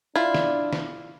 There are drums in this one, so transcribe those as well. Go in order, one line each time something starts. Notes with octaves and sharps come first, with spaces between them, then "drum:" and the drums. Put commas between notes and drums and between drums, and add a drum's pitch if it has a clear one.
D4 E4 F4 D5
drum: snare
drum: snare